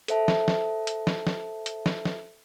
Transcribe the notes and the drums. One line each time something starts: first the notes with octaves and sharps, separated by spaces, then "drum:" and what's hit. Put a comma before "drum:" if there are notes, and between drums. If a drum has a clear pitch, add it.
A4 C5 E5 A5, drum: hi-hat
drum: snare
drum: snare
drum: hi-hat
drum: snare
drum: snare
drum: hi-hat
drum: snare
drum: snare